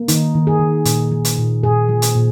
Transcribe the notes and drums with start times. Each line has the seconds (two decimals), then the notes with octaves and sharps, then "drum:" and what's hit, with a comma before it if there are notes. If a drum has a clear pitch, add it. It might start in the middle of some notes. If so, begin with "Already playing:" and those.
Already playing: A#3
0.08 D#3 D#4, drum: hi-hat
0.35 D#3
0.47 G#4
0.60 D#3
0.85 A#2, drum: hi-hat
1.12 F3
1.25 drum: hi-hat
1.38 A#2
1.63 A#2 G#4
1.89 F3
2.02 drum: hi-hat
2.15 A#2